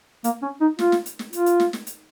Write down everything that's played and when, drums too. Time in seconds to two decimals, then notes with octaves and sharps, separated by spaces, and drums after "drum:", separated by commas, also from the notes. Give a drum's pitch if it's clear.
0.24 A#3, drum: hi-hat
0.42 C#4
0.61 D#4
0.79 F4, drum: snare
0.92 drum: snare
1.06 drum: hi-hat
1.19 drum: snare
1.33 F4, drum: hi-hat
1.46 drum: hi-hat
1.60 drum: snare
1.73 drum: snare
1.87 drum: hi-hat